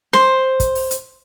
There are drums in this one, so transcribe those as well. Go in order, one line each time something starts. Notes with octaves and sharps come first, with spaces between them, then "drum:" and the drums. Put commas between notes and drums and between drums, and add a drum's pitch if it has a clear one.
C5, drum: snare
drum: kick, hi-hat
drum: open hi-hat
drum: hi-hat